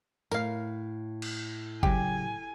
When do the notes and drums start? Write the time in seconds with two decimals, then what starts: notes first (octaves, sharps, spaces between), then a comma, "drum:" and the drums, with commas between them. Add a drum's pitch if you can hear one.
0.31 A2 A#4 F5, drum: tambourine
1.22 drum: cymbal
1.83 C#3 F#3 G4 G#5, drum: kick